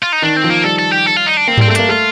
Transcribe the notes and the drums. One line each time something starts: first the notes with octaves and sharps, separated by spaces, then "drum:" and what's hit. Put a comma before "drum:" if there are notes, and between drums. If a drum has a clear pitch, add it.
F4
D#4
D#3 D4
C4
F3
A#3
G3 A4
A4
G4
A4
F4
D#4
D4
A#3 C4
G3 C4, drum: tom G#2
A3 C4
A#3 D4, drum: hi-hat
A3 F4